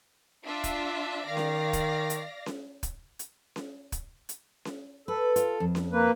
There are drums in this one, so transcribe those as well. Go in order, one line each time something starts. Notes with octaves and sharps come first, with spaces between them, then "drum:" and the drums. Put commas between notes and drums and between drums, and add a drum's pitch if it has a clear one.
D4 F4 E5
drum: kick, hi-hat
D#3 D5 F5 A#6
drum: snare C#4
drum: kick, hi-hat
drum: hi-hat
drum: snare C#4
drum: kick, hi-hat
drum: hi-hat
drum: snare C#4
drum: kick, hi-hat
drum: hi-hat
drum: snare C#4
A4 B4
F4, drum: hi-hat
F2
drum: snare C#4
A#3 B4